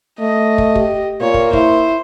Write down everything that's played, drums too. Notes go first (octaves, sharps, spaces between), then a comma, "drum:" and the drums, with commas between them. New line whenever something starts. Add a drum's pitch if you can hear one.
A3 D#5
drum: kick
G4, drum: kick
A#2 A#3 C#5
drum: kick
E4 C5, drum: kick